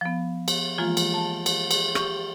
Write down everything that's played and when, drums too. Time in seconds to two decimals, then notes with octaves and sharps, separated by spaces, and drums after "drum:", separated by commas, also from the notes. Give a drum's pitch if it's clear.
0.01 F3 B3
0.48 drum: cymbal
0.78 E3 F3 G#3 A#3 F4
0.97 drum: cymbal
1.14 A5
1.46 drum: cymbal
1.71 drum: cymbal
1.95 G4 C#6, drum: rim click